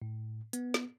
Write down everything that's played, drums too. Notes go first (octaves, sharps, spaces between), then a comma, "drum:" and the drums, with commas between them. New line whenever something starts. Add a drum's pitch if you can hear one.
A2
B3, drum: hi-hat
drum: snare